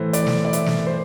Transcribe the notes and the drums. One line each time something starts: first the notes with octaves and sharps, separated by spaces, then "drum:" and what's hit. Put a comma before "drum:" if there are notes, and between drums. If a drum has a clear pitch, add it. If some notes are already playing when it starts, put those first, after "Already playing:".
Already playing: A2 E3 A3 C5
D5, drum: hi-hat
drum: snare
D5
E5, drum: hi-hat
drum: snare
C5